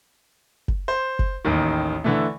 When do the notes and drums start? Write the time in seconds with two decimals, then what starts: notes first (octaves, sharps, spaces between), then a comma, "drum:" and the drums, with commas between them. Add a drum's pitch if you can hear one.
0.68 drum: kick F#1
0.88 C5
1.19 drum: kick F#1
1.45 A1 D#2 D#3
2.04 D3 E3 A3